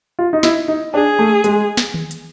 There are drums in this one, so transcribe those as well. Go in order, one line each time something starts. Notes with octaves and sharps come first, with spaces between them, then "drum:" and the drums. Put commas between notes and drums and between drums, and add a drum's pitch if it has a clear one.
F4
D#4
E4, drum: snare
D#4
D4 G#4
A3
G#3, drum: hi-hat
drum: snare
drum: tom D#3
drum: hi-hat